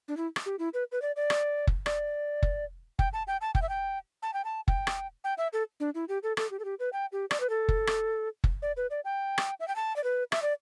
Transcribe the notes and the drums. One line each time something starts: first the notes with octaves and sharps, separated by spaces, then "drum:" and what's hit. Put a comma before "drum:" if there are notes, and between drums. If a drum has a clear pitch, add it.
D4
E4
drum: rim click
G4
E4
B4
B4
D5
D5
drum: rim click
drum: kick F#1
D5, drum: rim click
drum: kick F#1
G5, drum: kick F#1
A5
G5
A5
G5, drum: kick F#1
E5
G5
A5
G5
A5
G5, drum: kick F#1
drum: rim click
G5
E5
A4
D4
E4
G4
A4
A4, drum: rim click
G4
A4
G4
B4
G5
G4
D5, drum: rim click
B4
A4
drum: kick F#1
drum: rim click
drum: kick F#1
D5
B4
D5
G5
drum: rim click
E5
G5
A5
D5
B4
E5, drum: rim click
D5